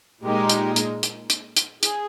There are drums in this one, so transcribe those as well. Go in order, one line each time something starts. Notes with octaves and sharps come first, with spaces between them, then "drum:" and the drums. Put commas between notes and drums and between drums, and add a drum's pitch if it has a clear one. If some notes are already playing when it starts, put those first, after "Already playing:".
A#2 G#3 D#4 G4 A#4
drum: hi-hat
drum: hi-hat
drum: hi-hat
drum: hi-hat
drum: hi-hat
G#4, drum: hi-hat